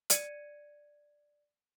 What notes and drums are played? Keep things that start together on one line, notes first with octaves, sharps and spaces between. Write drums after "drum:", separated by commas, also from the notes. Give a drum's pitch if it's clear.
D5 G#6 C#7 D#7, drum: hi-hat